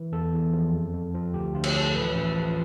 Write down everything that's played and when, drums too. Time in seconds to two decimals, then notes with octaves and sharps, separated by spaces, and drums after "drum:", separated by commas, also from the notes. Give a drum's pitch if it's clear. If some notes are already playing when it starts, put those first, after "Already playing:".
Already playing: E3
0.12 E2 A4
0.33 E2
0.53 F3
0.73 F2
0.94 F2
1.14 F3
1.34 D2 G4
1.54 D2 F4
1.64 drum: cymbal
1.74 F3 A4
1.95 A1 B4
2.14 A1
2.35 F3